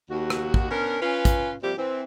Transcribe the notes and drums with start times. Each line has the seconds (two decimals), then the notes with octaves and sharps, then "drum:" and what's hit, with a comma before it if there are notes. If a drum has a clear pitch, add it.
0.10 D#2 F#4
0.30 drum: rim click
0.54 drum: kick
0.70 B3 C#4 D4 A#4
1.02 C#4 F4 B4
1.25 drum: kick, hi-hat
1.62 C3 F3 G3 A#3 C4 G4
1.77 E3 C4